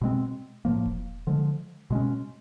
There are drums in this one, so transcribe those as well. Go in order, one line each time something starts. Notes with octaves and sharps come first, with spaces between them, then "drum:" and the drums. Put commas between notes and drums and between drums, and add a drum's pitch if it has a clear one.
B2 G#3 C4
A2 F3 A#3
drum: kick E1
D3 F3 G#3
B2 G#3 C#4